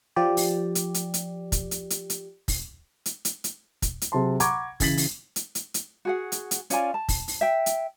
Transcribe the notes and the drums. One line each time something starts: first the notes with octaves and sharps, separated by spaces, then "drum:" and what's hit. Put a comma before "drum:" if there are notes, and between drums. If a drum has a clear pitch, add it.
F3 G4 D5
drum: open hi-hat
drum: hi-hat
drum: hi-hat
drum: hi-hat
drum: kick, hi-hat
drum: hi-hat
drum: hi-hat
drum: hi-hat
drum: kick, open hi-hat
drum: hi-hat
drum: hi-hat
drum: hi-hat
drum: kick, hi-hat
drum: hi-hat
C3 F#3 G#4 A5 C6
F#5 A#5 B5 C#6 D6 G#6, drum: hi-hat
C#3 E3 A6 B6 F#7, drum: kick, open hi-hat
drum: open hi-hat
drum: hi-hat
drum: hi-hat
drum: hi-hat
F#4 G#4 F#5
drum: hi-hat
drum: hi-hat
C#4 F4 D5 G#5, drum: hi-hat
A5
drum: kick, open hi-hat
drum: open hi-hat
E5 G5
drum: hi-hat